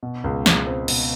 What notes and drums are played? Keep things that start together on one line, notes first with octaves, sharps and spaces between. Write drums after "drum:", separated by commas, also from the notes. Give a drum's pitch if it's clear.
B2
C#2
C#2, drum: snare
C4
B2, drum: cymbal